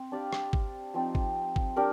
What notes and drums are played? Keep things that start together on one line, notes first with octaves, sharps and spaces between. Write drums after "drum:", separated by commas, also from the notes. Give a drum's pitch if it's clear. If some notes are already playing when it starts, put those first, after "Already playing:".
Already playing: C4
D4 G4 D5 F5
drum: rim click
drum: kick G#1
F3 C4 D#4
drum: kick G#1
drum: kick G#1
D4 G4 A#4